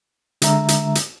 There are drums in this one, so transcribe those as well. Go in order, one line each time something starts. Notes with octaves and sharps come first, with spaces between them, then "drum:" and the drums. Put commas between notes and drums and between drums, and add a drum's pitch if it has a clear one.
D3 G#3 E5 A#5, drum: hi-hat
drum: hi-hat
drum: hi-hat